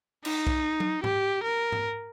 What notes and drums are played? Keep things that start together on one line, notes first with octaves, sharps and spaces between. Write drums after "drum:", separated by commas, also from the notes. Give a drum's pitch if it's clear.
D#4, drum: cymbal
drum: kick B1
drum: tom
G4, drum: tom G#2
A#4
drum: tom G#2